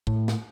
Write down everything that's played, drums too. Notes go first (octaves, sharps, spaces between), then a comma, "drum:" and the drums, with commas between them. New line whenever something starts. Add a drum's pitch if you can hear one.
A2, drum: kick
drum: snare